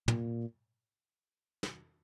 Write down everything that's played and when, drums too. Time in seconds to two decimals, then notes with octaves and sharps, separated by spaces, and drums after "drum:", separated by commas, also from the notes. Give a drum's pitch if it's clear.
0.08 A#2, drum: tom
1.63 drum: snare